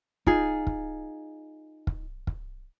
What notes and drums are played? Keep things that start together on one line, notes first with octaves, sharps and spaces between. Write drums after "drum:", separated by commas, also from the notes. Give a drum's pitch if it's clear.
D#4 F4 G#4, drum: kick
drum: kick
drum: kick
drum: kick